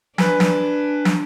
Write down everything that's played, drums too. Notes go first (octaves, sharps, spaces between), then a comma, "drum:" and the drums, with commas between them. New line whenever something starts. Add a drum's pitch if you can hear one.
D4 B4 G#5, drum: snare
drum: snare
drum: snare